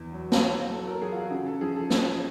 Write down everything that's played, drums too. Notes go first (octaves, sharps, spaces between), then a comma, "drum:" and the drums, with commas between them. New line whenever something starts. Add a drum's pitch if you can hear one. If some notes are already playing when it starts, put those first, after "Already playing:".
Already playing: E2
F#3
drum: snare
F#3
F#3 A4
A#4
F#3 G#4
F4
F#4
C#3
A4
F3 G#4
A4
F3 A4, drum: snare